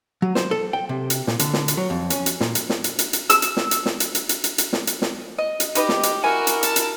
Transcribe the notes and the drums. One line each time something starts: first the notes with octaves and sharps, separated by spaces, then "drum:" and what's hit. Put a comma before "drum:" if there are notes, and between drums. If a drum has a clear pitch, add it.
F#3
C5, drum: snare
A4
G5
C3
drum: hi-hat
A#2, drum: snare
D3, drum: hi-hat
drum: snare
drum: hi-hat
F#3
F2
C#4, drum: hi-hat
drum: hi-hat
A#2, drum: snare
drum: hi-hat
drum: snare
drum: hi-hat
drum: hi-hat
drum: hi-hat
E6, drum: hi-hat
drum: hi-hat
drum: snare
drum: hi-hat
drum: snare
drum: hi-hat
drum: hi-hat
drum: hi-hat
drum: hi-hat
drum: hi-hat
drum: snare
drum: hi-hat
drum: snare
D#5
drum: hi-hat
D#4 G4 B4 D#5, drum: hi-hat
drum: snare
drum: hi-hat
E4 F#4 A#4 G#5
drum: hi-hat
A5, drum: hi-hat
drum: hi-hat